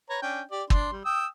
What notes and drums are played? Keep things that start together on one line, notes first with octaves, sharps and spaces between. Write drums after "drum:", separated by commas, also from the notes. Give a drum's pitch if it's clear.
B4 C#5 A#5
C#4 D4 G5
G4 D5
D4 C6, drum: kick
G3
G5 D#6 E6